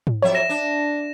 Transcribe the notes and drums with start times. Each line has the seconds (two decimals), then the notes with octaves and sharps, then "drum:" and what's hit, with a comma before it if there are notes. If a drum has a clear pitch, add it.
0.07 drum: tom G#2
0.22 F2 F#3 C#5 E5
0.35 A#6 E7
0.49 D4